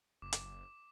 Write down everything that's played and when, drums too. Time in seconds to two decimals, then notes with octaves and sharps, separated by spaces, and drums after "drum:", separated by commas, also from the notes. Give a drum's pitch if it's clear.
0.22 F#1 D6
0.33 drum: hi-hat